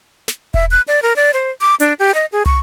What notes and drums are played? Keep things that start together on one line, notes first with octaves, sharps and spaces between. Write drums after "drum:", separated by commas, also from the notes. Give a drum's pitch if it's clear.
drum: snare
E5, drum: kick E1
F#6
D5
A#4
D5
C5
D6
D4, drum: hi-hat
G4
D#5
G#4
C#6, drum: tom